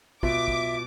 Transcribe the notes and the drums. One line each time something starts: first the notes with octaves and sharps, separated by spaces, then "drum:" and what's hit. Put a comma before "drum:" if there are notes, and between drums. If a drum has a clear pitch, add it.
B2 F4 E5 D6, drum: kick
drum: kick